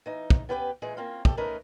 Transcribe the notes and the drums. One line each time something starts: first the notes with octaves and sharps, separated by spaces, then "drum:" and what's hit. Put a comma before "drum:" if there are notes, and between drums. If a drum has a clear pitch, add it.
E3 D#4
drum: kick
B3 C#4 G4 B4 C#5 G5
A#2 E3 G#3 G#4
A#3 C4 C#4 F4
G4 A4, drum: kick
A3 C#4 D#4 A#4 B4